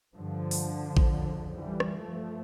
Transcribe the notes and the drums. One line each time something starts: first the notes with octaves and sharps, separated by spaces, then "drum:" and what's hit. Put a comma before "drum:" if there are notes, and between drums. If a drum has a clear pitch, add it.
G2 D3 F3
drum: open hi-hat
drum: kick A1
F2 C#3
E3 G3
drum: rim click
G2 F3 A3